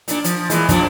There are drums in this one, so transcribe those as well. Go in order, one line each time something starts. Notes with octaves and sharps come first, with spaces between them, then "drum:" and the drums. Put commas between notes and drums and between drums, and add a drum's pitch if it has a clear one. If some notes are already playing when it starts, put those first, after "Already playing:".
A#2 D4, drum: hi-hat
F3, drum: hi-hat
A#2 E3 G#3, drum: hi-hat
A#2 F3 D4, drum: kick, hi-hat